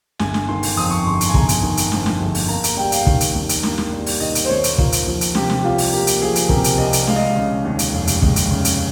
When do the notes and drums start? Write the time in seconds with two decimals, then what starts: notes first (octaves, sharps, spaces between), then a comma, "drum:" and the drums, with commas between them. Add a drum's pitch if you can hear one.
0.19 G1 G#5, drum: snare
0.34 drum: snare
0.48 D#3 C6
0.63 drum: open hi-hat
0.77 F2 D#6
0.86 C6
0.91 C#6
1.06 G1 C6
1.21 C6, drum: hi-hat
1.29 G#5
1.34 G1 A#5, drum: kick
1.49 drum: hi-hat
1.63 D#3
1.77 drum: hi-hat
1.92 F2, drum: snare
2.06 drum: snare
2.20 G1
2.35 drum: open hi-hat
2.48 A#3 A#5
2.64 A#5, drum: hi-hat
2.77 G3 G5
2.92 F5, drum: hi-hat
3.07 D#3, drum: kick
3.21 drum: hi-hat
3.34 D#2
3.49 drum: hi-hat
3.63 A#3, drum: snare
3.78 drum: snare
3.92 G3
4.06 drum: open hi-hat
4.20 D#3 D#5
4.35 drum: hi-hat
4.45 C5
4.49 D#2 C#5
4.64 drum: hi-hat
4.78 A#3 F4, drum: kick
4.92 drum: hi-hat
5.07 F3
5.21 drum: hi-hat
5.35 C3 G4, drum: snare
5.50 drum: snare
5.59 G4
5.64 C2 F4
5.78 drum: open hi-hat
5.93 A#3 G4
6.07 drum: hi-hat
6.22 F3 G#4
6.36 drum: hi-hat
6.49 C3 A#4, drum: kick
6.64 drum: hi-hat
6.78 C2 D#5
6.93 drum: hi-hat
7.07 G#3 F5, drum: snare
7.16 D#5
7.26 F5
7.36 C#3
7.65 D#2
7.79 drum: hi-hat
7.93 F1
8.07 drum: hi-hat
8.22 G#3, drum: kick
8.36 drum: hi-hat
8.51 C#3
8.65 drum: hi-hat